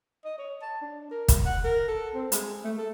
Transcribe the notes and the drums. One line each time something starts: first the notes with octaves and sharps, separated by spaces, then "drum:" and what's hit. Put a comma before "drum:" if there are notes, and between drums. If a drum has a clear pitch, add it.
D#5
C#5
A5
D4
A#4
drum: kick, hi-hat
F#5
A#4
A4
C4
G#3, drum: hi-hat
A3
A4